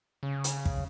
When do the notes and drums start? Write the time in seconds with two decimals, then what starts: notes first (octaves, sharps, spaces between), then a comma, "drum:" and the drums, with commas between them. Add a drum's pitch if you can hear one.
0.23 C#3
0.44 drum: hi-hat
0.65 drum: kick